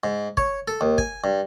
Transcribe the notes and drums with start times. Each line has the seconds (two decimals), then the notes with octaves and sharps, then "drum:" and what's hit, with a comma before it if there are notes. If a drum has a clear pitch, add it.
0.04 G#2
0.37 C#5, drum: kick
0.68 A4
0.81 D#2
0.98 G#5, drum: kick
1.24 G2